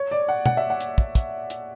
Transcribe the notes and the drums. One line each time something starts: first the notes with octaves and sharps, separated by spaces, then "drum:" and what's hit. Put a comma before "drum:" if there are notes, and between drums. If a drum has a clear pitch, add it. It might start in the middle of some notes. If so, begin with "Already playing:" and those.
Already playing: C#5
D5
F#5
F#5, drum: tom
E5
F#5
drum: hi-hat
drum: kick
drum: kick, hi-hat
drum: hi-hat